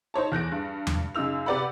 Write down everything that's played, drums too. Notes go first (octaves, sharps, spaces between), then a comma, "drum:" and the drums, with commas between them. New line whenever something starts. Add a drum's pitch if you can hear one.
D#4 C5 C#5 A5
E2 F#6 A#6 D7
G2
drum: tom E2
F#2 C#3 D#4 E6 F7
C3 G4 B4 D5 F#5 B5